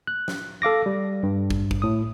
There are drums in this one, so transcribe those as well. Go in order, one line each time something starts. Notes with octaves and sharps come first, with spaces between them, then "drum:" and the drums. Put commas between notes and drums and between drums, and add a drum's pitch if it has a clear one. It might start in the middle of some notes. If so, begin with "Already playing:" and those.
F#6
drum: snare
A4 F5 D6 A#6
G3
G2
drum: kick
drum: kick
A2 D#6